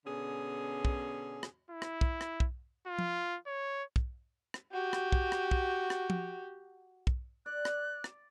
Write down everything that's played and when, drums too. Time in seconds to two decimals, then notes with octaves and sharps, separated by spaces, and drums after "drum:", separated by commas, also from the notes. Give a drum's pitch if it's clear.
0.06 B2 D3 C#4 G#4
0.85 drum: kick
1.43 drum: rim click
1.71 E4
1.82 drum: rim click
2.01 drum: kick
2.21 drum: rim click
2.40 drum: kick
2.87 F4
2.99 drum: tom
3.47 C#5
3.96 drum: kick
4.54 drum: rim click
4.73 F#4 G4
4.93 drum: rim click
5.12 drum: kick
5.32 drum: rim click
5.51 drum: kick
5.90 drum: rim click
6.10 drum: tom
7.07 drum: kick
7.46 D5 F#6
7.65 drum: rim click
8.04 drum: rim click